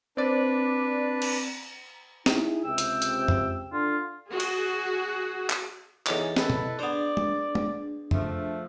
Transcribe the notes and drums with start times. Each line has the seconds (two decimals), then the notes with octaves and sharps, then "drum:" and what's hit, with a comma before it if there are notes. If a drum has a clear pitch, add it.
0.17 C4 D4 B4 D5
1.22 drum: cymbal
2.26 D#4 E4 G#4, drum: snare
2.64 C#2 C3 G5 E6
2.78 drum: hi-hat
3.02 drum: hi-hat
3.28 drum: tom F2
3.72 D3 F4
4.27 F#4 G#4
4.40 drum: cymbal
5.50 drum: clap
6.07 E2 D#4 G#4 A4 C#5 D#5 D6, drum: clap
6.37 E4 A4 B4 D#5, drum: snare
6.50 drum: tom B2
6.79 B3 D4 G#4 C5 D5
7.17 drum: tom
7.55 drum: tom
8.11 F3 A3 E5, drum: tom F2